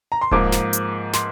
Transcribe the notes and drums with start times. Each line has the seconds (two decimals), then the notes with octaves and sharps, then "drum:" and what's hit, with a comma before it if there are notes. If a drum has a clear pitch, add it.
0.12 A#5
0.21 C6
0.32 G#2 F3 A#3 D6, drum: kick D#1
0.52 drum: snare
0.73 drum: hi-hat
1.14 C6, drum: snare